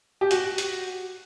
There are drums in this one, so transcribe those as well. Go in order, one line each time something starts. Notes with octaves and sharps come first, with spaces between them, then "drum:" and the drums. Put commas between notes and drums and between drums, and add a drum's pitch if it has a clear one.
G4
F#4, drum: hi-hat
drum: hi-hat